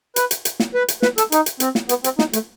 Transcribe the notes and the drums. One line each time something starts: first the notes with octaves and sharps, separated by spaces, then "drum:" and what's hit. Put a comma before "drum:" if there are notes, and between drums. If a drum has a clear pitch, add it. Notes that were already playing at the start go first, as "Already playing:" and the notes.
B4, drum: hi-hat
drum: hi-hat
drum: hi-hat
drum: snare
B4
drum: hi-hat
B4, drum: snare
A4, drum: hi-hat
D#4, drum: hi-hat
drum: hi-hat
C4, drum: hi-hat
drum: snare
B3, drum: hi-hat
C4, drum: hi-hat
D#4, drum: snare
A3, drum: hi-hat